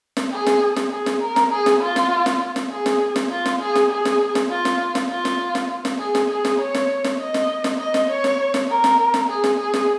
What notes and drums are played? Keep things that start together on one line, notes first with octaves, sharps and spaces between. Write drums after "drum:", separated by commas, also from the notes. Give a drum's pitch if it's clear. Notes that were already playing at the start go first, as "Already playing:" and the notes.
drum: snare
G#4
drum: snare
drum: snare
G#4
drum: snare
A#4
drum: snare
G#4
drum: snare
F4
drum: snare
drum: snare
drum: snare
G#4
drum: snare
drum: snare
F4
drum: snare
G#4
drum: snare
G#4
drum: snare
drum: snare
F4
drum: snare
drum: snare
F4
drum: snare
drum: snare
drum: snare
G#4
drum: snare
G#4
drum: snare
C#5
drum: snare
drum: snare
D#5
drum: snare
drum: snare
D#5
drum: snare
C#5
drum: snare
drum: snare
A#4
drum: snare
drum: snare
G#4
drum: snare
G#4
drum: snare